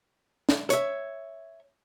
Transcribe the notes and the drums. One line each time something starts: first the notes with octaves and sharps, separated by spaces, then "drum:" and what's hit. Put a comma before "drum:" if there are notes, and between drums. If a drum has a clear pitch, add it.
drum: snare
C#5 E5, drum: hi-hat